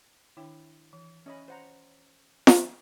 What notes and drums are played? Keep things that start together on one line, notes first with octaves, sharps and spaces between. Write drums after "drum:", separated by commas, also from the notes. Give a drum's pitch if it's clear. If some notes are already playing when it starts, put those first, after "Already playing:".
D#3 D4 E4 G5
E3
C#4 D#5 E5 B5
C5 F#5 A#5
drum: snare F4